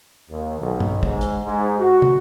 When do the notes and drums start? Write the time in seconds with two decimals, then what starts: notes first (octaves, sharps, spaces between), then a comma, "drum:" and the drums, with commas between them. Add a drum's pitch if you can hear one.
0.30 D#2
0.60 B1
0.80 drum: tom
1.03 G#2, drum: kick
1.21 drum: hi-hat
1.44 G#2
1.80 F#4
2.02 drum: tom